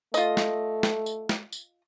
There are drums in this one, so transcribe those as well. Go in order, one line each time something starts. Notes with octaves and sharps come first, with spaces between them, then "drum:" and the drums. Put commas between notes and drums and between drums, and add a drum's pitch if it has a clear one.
A3 F4 D#5, drum: tambourine
drum: snare
drum: snare
drum: tambourine
drum: snare
drum: tambourine